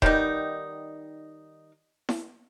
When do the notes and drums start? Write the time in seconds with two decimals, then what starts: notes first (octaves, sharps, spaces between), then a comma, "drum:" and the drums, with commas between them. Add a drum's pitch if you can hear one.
0.02 D#3 G3 B3 D#4, drum: kick D#1
2.09 drum: snare E4